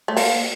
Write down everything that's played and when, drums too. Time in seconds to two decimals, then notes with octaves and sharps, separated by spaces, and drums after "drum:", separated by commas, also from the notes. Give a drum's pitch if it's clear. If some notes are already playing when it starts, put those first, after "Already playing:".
0.08 A3
0.17 A#3, drum: open hi-hat